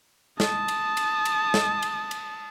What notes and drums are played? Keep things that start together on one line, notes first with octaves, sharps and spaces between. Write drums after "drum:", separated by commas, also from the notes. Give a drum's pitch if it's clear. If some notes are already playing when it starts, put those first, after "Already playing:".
A5 D#6, drum: snare
drum: cymbal
drum: cymbal
drum: cymbal
drum: snare
drum: cymbal
drum: cymbal